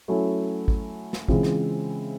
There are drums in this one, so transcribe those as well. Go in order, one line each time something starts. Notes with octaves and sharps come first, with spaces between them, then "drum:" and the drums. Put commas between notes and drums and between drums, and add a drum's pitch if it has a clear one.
F#3 A3 C#4 E4
drum: kick G#1
drum: snare
C#3 E3 G#3 C4 F4, drum: kick G#1
drum: snare